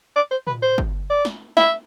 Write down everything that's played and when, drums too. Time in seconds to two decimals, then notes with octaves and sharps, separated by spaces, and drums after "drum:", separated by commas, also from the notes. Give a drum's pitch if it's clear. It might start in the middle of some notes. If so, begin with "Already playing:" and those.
0.16 D5
0.31 C5
0.47 B4, drum: tom
0.63 C5
0.78 drum: kick G1
1.10 D5
1.25 drum: snare
1.57 E5, drum: snare